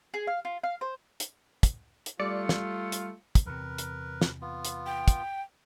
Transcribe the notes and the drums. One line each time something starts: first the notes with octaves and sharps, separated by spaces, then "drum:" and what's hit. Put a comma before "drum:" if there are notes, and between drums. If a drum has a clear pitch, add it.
G#4
F5
F4
F5
C5
drum: hi-hat
drum: kick, hi-hat
drum: hi-hat
G3 A3 F4 D5 C#7
drum: snare
drum: hi-hat
drum: kick, hi-hat
E2 C3 A#4 B4
drum: hi-hat
drum: snare
B3 F4
drum: hi-hat
G5
drum: kick, hi-hat